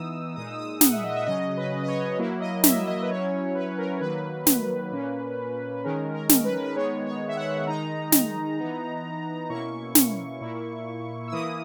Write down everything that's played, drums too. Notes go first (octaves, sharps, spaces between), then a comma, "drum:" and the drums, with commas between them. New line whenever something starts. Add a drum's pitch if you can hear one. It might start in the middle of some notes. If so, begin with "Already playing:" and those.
Already playing: E3 B3 D#4 D#6 E6
A#2 G#3 D#4 D#6
E6
D#6
F#5, drum: snare
E5
D#5
E5
C#3 F#3 C#4 D#5
B4
D#5
C#5
F#3 A#3 E4
D#5
E5, drum: snare
D#5
B4
F#3 C#4 E4 C#5
B4
A#4
D#3 F#3 A#3 B4
drum: snare
A#2 A#3 C#4
D#3 G#3 C#4 A#4
A#4
drum: snare
B4
B4
D#3 G#3 B3 C#5
C#5
E5
F#5
D#3 G#3 D#4 A#5
drum: snare
E3 B3 D#4
B2 A#3 C#4 E4 C#6
drum: snare
A#2 A#3 E4
E6
E3 A#3 E4 D#6